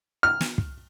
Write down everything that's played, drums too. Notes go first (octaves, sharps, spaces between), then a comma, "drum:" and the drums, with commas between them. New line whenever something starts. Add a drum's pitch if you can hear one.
F6
drum: snare
drum: kick